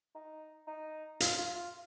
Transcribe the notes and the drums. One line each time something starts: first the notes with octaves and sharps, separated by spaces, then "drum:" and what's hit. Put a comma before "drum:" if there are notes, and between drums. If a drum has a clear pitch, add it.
D#4
D#4
F4, drum: hi-hat
F4
F4